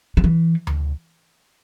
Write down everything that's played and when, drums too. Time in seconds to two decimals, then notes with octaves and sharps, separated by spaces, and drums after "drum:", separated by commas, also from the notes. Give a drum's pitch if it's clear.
0.17 D#3
0.24 E3
0.67 drum: tom D2